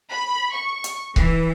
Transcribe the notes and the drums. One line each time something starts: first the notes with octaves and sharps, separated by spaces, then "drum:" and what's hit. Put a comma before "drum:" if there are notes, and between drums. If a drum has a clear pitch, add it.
B5
C#6
drum: hi-hat
E3, drum: kick C#1